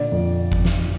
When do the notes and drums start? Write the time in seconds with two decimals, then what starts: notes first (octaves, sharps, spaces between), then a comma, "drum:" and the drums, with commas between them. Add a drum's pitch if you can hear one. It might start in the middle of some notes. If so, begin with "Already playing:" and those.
Already playing: A#2 D3 D5
0.12 F2
0.52 drum: kick G1
0.65 drum: snare